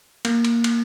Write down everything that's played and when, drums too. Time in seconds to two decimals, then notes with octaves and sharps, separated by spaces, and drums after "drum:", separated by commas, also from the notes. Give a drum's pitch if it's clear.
0.25 A#3, drum: cymbal
0.45 drum: cymbal
0.64 drum: cymbal